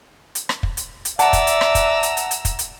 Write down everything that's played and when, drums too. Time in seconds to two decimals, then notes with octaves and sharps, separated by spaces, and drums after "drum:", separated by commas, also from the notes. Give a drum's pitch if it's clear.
0.35 drum: hi-hat
0.49 drum: rim click
0.63 drum: kick
0.77 drum: hi-hat
1.05 drum: hi-hat
1.19 D5 E5 F#5 A5 A#5 E6, drum: hi-hat
1.33 drum: kick, hi-hat
1.47 drum: hi-hat
1.61 drum: rim click
1.75 drum: kick, hi-hat
2.03 drum: hi-hat
2.17 drum: hi-hat
2.31 drum: hi-hat
2.45 drum: kick, hi-hat
2.59 drum: hi-hat